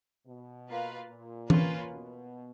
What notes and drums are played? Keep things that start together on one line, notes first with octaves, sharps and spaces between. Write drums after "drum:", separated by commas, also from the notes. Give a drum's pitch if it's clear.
B2
A#3 F4 B4 F5
A#2
A#3 C#4 F4 B4, drum: tom E3
B2